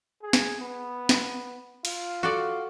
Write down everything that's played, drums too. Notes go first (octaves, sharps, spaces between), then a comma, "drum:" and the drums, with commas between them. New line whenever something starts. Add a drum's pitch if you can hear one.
G#4
drum: snare
B3
drum: snare
F4, drum: cymbal
F#4 A4 D5